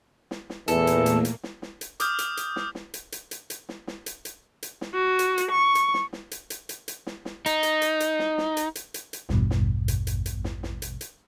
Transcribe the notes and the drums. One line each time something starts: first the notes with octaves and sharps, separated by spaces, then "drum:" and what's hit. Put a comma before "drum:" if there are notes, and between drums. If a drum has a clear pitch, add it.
drum: snare
drum: snare
E2 A#2 E3 A3 A#3 A4, drum: hi-hat
drum: hi-hat
drum: hi-hat
drum: hi-hat
drum: snare
drum: snare
drum: hi-hat
D6 D#6 F6 G6, drum: hi-hat
drum: hi-hat
drum: hi-hat
drum: snare
drum: snare
drum: hi-hat
drum: hi-hat
drum: hi-hat
drum: hi-hat
drum: snare
drum: snare
drum: hi-hat
drum: hi-hat
drum: hi-hat
drum: snare
F#4
drum: hi-hat
drum: hi-hat
C#6
drum: hi-hat
drum: snare
drum: snare
drum: hi-hat
drum: hi-hat
drum: hi-hat
drum: hi-hat
drum: snare
drum: snare
D#4, drum: hi-hat
drum: hi-hat
drum: hi-hat
drum: hi-hat
drum: snare
drum: snare
drum: hi-hat
drum: hi-hat
drum: hi-hat
drum: hi-hat
A1 E2 G2 B2, drum: snare
drum: snare
drum: hi-hat
drum: hi-hat
drum: hi-hat
drum: snare
drum: snare
drum: hi-hat
drum: hi-hat